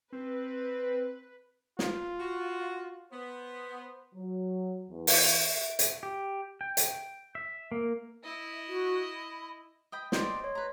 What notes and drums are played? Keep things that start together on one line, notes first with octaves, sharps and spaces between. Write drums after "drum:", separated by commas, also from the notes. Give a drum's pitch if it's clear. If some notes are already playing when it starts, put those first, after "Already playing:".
C4 B4
F4, drum: snare
F#4
B3 C5
F#3
E2
drum: open hi-hat
E5
drum: hi-hat
G4
G5
drum: hi-hat
E5
A#3
E4 D#5 E5
F#4
B5
D#5 G5 B5
C5 D5 D#5 G5 C6, drum: snare
C#5 C6
B4 A#5